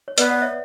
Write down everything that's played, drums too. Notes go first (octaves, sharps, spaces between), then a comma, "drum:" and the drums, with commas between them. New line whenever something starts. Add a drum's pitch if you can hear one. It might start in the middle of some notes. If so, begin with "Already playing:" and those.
C#5
B3 B4 D5, drum: hi-hat
D5 F#5
C#5 E5